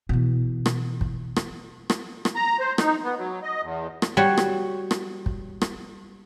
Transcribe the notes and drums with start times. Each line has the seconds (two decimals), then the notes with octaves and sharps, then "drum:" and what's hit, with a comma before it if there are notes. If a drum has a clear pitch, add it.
0.09 B2 E3
0.66 drum: rim click
1.01 drum: kick
1.36 drum: rim click
1.90 drum: rim click
2.25 drum: rim click
2.35 A#5
2.60 C5
2.78 D#4, drum: rim click
3.03 B3
3.18 F#3
3.43 D#5
3.62 E2
4.02 drum: rim click
4.17 G3 F#4 C#5
4.38 drum: rim click
4.91 drum: rim click
5.26 drum: kick
5.61 drum: rim click